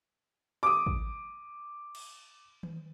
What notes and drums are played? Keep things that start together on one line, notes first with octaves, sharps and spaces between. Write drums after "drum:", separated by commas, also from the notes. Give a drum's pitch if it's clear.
D6 D#6
drum: kick
drum: cymbal
drum: tom D#3